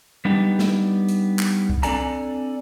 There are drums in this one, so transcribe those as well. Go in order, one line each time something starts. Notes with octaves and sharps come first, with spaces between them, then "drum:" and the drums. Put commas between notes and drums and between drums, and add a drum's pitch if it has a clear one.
G3 B3 D4 D#4 G4
drum: snare
drum: hi-hat
drum: clap
drum: kick C2
C4 D4 A4 D5 G#5 A#5, drum: hi-hat